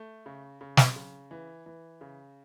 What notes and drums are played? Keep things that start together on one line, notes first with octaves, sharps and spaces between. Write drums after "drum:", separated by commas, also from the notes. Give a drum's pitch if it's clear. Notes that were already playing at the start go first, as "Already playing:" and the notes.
Already playing: A3
C#3
C#3
drum: snare
C#3
E3
E3
C#3